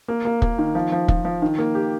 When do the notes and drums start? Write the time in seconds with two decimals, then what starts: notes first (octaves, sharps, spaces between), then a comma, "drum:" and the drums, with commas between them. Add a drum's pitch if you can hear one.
0.08 A#3
0.25 A#3
0.42 A#3, drum: kick
0.58 D#3
0.75 F3
0.92 F3
1.08 F3, drum: kick
1.25 F3
1.42 D#3
1.58 A#3
1.75 G4